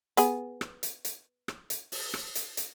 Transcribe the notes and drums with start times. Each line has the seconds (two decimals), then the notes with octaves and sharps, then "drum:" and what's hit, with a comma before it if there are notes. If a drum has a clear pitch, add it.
0.17 B3 G#4, drum: hi-hat
0.61 drum: rim click
0.83 drum: hi-hat
1.05 drum: hi-hat
1.48 drum: rim click
1.70 drum: hi-hat
1.92 drum: open hi-hat
2.14 drum: rim click
2.35 drum: hi-hat
2.57 drum: hi-hat